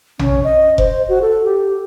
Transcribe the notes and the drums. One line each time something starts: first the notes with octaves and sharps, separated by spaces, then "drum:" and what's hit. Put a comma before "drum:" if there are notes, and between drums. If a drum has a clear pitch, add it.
C#4, drum: tom A#1
D#5
C5, drum: kick F1
F#4
A4
G4